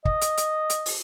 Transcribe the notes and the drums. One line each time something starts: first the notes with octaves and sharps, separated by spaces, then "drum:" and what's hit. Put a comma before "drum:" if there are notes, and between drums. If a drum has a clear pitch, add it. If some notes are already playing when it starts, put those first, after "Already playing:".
D#5, drum: kick
drum: hi-hat
drum: hi-hat
drum: hi-hat
drum: open hi-hat